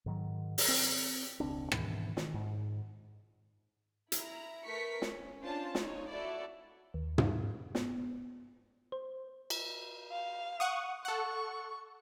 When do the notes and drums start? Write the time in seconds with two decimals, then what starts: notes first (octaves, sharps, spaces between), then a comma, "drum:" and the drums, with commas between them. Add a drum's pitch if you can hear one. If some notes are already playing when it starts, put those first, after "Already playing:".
0.06 G#2 D#3 F#3
0.58 drum: open hi-hat
0.68 C4
1.40 E1 C#2 C4 D4
1.72 G#2 B2 D#3 E3, drum: rim click
2.17 D#3, drum: snare
2.34 G#2
4.12 E4 A#5, drum: hi-hat
4.65 A3 A#4 B4 C#6 B6 C#7
5.02 C#4, drum: snare
5.42 C#4 D4 F4 C5 A5
5.75 D#4 C#5, drum: snare
6.12 E4 F#4 A4 D5
6.94 D#2
7.18 G2, drum: tom
7.75 B3, drum: snare
8.92 C5
9.50 drum: cymbal
10.11 F5
10.60 F#5 C#6 D#6
11.05 A4 F#5 C#6